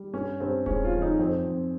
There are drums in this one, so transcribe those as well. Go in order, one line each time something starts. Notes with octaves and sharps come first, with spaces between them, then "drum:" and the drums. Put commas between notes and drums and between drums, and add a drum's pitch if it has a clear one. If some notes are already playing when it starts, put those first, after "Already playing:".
Already playing: G3
G2 C#4
G2 C4
G#3 C#4, drum: kick D#1
F4
F3
D#4
F2 C4
F2